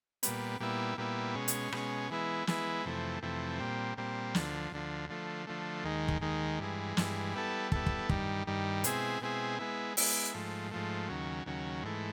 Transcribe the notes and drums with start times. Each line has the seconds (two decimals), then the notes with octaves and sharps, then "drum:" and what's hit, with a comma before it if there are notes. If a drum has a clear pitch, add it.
0.23 A#2 G3 B3, drum: hi-hat
0.60 A#2 G3 B3 E4
0.98 A#2 G3 B3 E4
1.35 B2 G#3 C#4
1.48 drum: hi-hat
1.72 B2 G#3 C#4, drum: rim click
2.10 E3 G#3 B3 E4
2.47 E3 G#3 B3 E4, drum: snare
2.85 F2 C3 E3 A3
3.23 F2 C3 E3 A3
3.60 A#2 G3 C4
3.97 A#2 G3 C4
4.35 D2 D3 F3, drum: snare
4.72 D2 D3 F3
5.09 D3 F3 A3
5.47 D3 F3 A3
5.84 D#2 D#3 G#3
6.08 drum: kick
6.22 D#2 D#3 G#3
6.59 G2 E3 G#3
6.97 G2 E3 G#3, drum: snare
7.35 G3 B3 E4 A4
7.72 G3 B3 E4 A4, drum: kick
7.86 drum: kick
8.09 G2 D#3 G3, drum: kick
8.47 G2 D#3 G3
8.84 B2 G#3 C4 E4 G#4, drum: hi-hat
9.21 B2 G#3 C4 E4 G#4
9.59 G#3 B3 E4
9.97 G#3 B3 E4, drum: open hi-hat
10.34 G#2 F3 A3
10.71 G#2 F3 A3
11.09 D#2 C#3 F#3
11.46 D#2 C#3 F#3
11.83 G#2 E3 A3